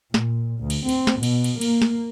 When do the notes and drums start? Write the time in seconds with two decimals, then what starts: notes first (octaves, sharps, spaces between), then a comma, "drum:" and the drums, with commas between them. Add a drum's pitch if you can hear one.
0.14 A#2, drum: snare
0.60 D2
0.70 drum: cymbal
0.89 C4, drum: cymbal
1.07 drum: snare
1.23 B2, drum: cymbal
1.44 drum: cymbal
1.61 A#3, drum: cymbal
1.82 drum: snare